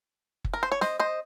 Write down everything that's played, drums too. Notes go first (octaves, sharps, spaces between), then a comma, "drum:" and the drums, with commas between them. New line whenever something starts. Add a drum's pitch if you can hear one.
drum: kick F#1
A#4
C5
C#5
C5 D#5, drum: snare
C5 D#5